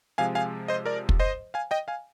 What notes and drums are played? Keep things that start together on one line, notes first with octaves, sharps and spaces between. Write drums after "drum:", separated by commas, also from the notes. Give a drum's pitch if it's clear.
C3 F3 G#3 F5 G#5
F5 G#5
C5 D#5
A#4 D5
drum: kick
C5 D#5
F5 G#5
D#5 G5
F5 G#5